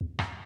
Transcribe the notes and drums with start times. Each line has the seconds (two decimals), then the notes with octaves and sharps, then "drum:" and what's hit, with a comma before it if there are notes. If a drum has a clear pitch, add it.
0.01 E2
0.19 F2, drum: rim click